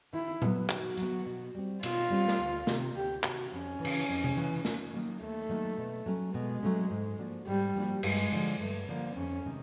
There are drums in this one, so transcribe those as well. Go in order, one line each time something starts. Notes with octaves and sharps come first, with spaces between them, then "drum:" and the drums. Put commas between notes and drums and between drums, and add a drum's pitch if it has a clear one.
D#3 E4
F#3 B3, drum: tom A#2
D#3 F#4, drum: clap
F#3 B3, drum: hi-hat
B2
G3 C4
B2 F4, drum: cymbal
G3 C4
drum: snare
D2
C3 D#3, drum: snare
D2 G4
C3 D#3 F#4, drum: clap
F2 C#4
E3
C#3, drum: cymbal
F2
drum: tom C3
C#3 E3
D#2, drum: snare
D#3 F#3 A#3
D#2 A3
D#3 F#3 A#3
B2
F#3 A3 C#4
B2 G#3
F#3 A3 C#4
G#2
F3 A#3 D4 F#4
G#2 G3
F3 A#3 D4 F#4
G2 G#3, drum: cymbal
D3 F3
G2 A3
D3 F3 A#3
F2 C#4
C3 D#3 G#3